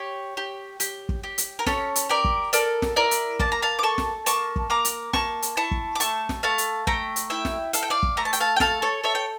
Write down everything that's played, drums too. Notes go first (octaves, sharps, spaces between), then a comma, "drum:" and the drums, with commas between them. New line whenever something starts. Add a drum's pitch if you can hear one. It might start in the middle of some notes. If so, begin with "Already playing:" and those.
Already playing: G4 C#5
G4
G4, drum: hi-hat
drum: kick
G4
drum: hi-hat
A#4
C#4 A4 C#5, drum: snare
drum: hi-hat
G4 A#4 D5
drum: kick
A4 A#4 D5, drum: hi-hat
drum: snare
E4 A#4 D5
drum: hi-hat
A#3 A5, drum: kick
A#5
F5 A5
D6
A4 A5 C#6
drum: snare
A#3 A5 C#6, drum: hi-hat
drum: kick
A#3 A#5 D6
drum: hi-hat
A#3 A5 C#6, drum: snare
drum: hi-hat
E4 A5 C#6
drum: kick
D6
A3 A5 C#6, drum: hi-hat
drum: snare
A3 F5 A5
drum: hi-hat
A3 G5 A#5, drum: kick
drum: hi-hat
E4 E5 G5
drum: snare
A4 F5, drum: hi-hat
G5
D5 F5
drum: kick
A3 A#5
A5
G5, drum: hi-hat
F5 A5
G5
A4 F5 A5, drum: snare
A4 C#5
A4 C#5 E5
G5